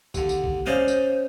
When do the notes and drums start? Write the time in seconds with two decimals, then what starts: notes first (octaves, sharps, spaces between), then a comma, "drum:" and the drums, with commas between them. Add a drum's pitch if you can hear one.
0.14 D#2 D3, drum: kick A#1, tambourine
0.29 drum: tambourine
0.44 drum: kick A#1
0.67 C#4 C5 D5 D#5 F5
0.88 drum: tambourine